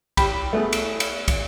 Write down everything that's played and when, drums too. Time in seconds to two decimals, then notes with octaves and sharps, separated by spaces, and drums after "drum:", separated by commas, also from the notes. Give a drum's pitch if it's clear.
0.17 G4 G5 B5, drum: kick, cymbal
0.53 A3 B3 G#4
0.73 drum: cymbal
1.00 drum: cymbal
1.28 drum: kick, cymbal